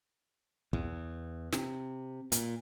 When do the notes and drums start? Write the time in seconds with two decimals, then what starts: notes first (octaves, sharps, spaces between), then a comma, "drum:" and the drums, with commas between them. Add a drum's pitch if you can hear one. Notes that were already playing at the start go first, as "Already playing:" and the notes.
0.73 E2, drum: kick
1.52 C3, drum: snare
2.32 A#2, drum: hi-hat